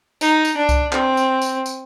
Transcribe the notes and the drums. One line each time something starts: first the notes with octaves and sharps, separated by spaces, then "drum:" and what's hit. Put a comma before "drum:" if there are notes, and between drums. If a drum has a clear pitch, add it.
D#4, drum: tambourine
drum: tambourine
D4
drum: kick C2, tambourine
C4, drum: clap
drum: tambourine
drum: tambourine
drum: tambourine